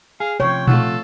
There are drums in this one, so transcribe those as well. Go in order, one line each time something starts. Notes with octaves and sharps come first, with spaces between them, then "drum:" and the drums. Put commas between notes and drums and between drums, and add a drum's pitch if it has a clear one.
G#4 F5
C3 F3 C#5 G5
A3 F4 A4 F#5, drum: tom A#2